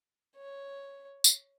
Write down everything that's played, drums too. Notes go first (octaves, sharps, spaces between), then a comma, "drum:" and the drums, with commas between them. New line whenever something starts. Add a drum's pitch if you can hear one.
C#5
drum: tambourine